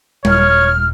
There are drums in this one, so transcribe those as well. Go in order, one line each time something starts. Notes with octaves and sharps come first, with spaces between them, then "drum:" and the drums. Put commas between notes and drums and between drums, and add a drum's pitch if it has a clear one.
D#1 C#5 F6, drum: tom G3